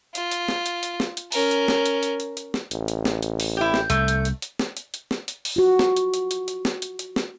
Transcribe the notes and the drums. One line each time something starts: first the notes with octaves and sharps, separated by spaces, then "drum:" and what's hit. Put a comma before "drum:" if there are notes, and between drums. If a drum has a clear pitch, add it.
F4, drum: hi-hat
drum: hi-hat
drum: snare
drum: hi-hat
drum: hi-hat
drum: snare
drum: hi-hat
C#4 A#4, drum: open hi-hat
drum: hi-hat
drum: snare
drum: hi-hat
drum: hi-hat
drum: hi-hat
drum: hi-hat
drum: snare
A1, drum: hi-hat
drum: hi-hat
drum: snare
drum: hi-hat
drum: open hi-hat
E4 G4 G6
drum: snare
C2 A3, drum: hi-hat
drum: hi-hat
drum: hi-hat
drum: hi-hat
drum: snare
drum: hi-hat
drum: hi-hat
drum: snare
drum: hi-hat
drum: open hi-hat
F4 F#4
drum: snare
drum: hi-hat
drum: hi-hat
drum: hi-hat
drum: hi-hat
drum: snare
drum: hi-hat
drum: hi-hat
drum: snare